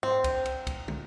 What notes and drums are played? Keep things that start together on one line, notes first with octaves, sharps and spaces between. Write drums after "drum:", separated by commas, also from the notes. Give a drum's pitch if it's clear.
C4, drum: tom G#2
drum: kick C2, cymbal
drum: cymbal
drum: kick C2, cymbal
drum: tom